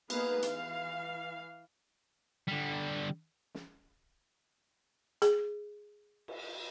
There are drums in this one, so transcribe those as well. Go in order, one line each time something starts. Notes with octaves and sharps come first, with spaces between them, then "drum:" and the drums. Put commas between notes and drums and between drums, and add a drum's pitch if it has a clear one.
A#3 B3 D#4 G#4 B4 F5, drum: cymbal
E3 F5, drum: hi-hat
D3 G3
drum: snare
G#4, drum: hi-hat
drum: cymbal